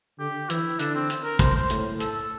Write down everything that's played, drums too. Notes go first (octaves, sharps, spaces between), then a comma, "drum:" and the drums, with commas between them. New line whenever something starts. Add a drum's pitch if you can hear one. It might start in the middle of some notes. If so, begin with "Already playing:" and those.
D3 G4
E3 E4, drum: hi-hat
D3 D4, drum: hi-hat
C4
drum: hi-hat
A#4
C3 C5, drum: kick, hi-hat
C5
A2, drum: hi-hat
A4, drum: hi-hat